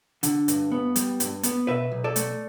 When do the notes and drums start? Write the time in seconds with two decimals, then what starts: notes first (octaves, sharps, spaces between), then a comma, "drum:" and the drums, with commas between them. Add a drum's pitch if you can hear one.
0.23 D3, drum: hi-hat
0.48 G2, drum: hi-hat
0.72 B3
0.96 G3, drum: hi-hat
1.20 G2, drum: hi-hat
1.43 B3, drum: hi-hat
1.67 B2 B4 E5
1.92 B1
2.04 A4 D5
2.16 A3, drum: hi-hat